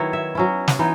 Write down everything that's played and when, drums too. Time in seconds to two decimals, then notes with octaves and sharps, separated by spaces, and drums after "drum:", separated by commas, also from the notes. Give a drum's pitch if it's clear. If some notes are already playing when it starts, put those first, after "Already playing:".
Already playing: D#3 F#3 B3 E4 B4 C#5
0.13 E5
0.35 F#3 C#4 E4
0.68 drum: snare
0.79 E3 B3 D#4